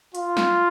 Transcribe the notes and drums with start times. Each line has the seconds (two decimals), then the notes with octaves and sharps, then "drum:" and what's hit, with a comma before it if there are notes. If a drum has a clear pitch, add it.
0.15 F4, drum: hi-hat
0.37 drum: snare